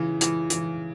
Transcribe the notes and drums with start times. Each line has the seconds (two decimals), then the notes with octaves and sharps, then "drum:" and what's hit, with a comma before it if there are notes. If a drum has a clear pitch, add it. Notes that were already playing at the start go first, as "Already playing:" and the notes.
Already playing: C#3 E3
0.21 E3, drum: hi-hat
0.50 E3, drum: hi-hat